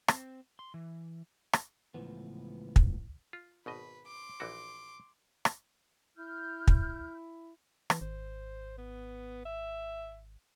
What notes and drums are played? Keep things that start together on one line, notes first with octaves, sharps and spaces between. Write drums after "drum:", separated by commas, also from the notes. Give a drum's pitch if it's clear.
C4, drum: rim click
C6
E3
drum: rim click
C#2 A2 E3 F3 B3
drum: kick
F4
G#1 B2 B4 D#5
C6 D6
A#1 E3 F#4
drum: rim click
E4 F6 G6
drum: kick
E3, drum: rim click
G#1 C5
B3
E5